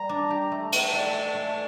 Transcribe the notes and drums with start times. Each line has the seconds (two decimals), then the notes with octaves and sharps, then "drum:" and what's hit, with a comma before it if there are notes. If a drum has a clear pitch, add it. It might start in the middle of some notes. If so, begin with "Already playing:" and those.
Already playing: G3 A#3 A#5
0.09 D4
0.30 G4
0.51 A3
0.72 A3, drum: cymbal
0.93 A3 D5
1.14 A3
1.35 A3